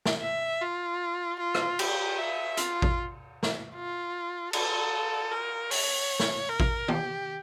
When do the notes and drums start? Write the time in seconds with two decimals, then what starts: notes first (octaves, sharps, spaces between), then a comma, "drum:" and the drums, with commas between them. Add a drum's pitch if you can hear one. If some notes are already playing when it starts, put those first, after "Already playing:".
0.05 drum: snare
0.22 E5
0.61 F4
1.40 F4
1.55 drum: rim click
1.79 G4, drum: cymbal
2.18 E5
2.57 F4, drum: hi-hat
2.82 drum: kick A1
3.43 drum: snare
3.75 F4
4.53 A4, drum: cymbal
5.32 A#4
5.71 C#5, drum: open hi-hat
6.20 drum: snare
6.49 A#4
6.60 drum: kick A1
6.88 G4, drum: tom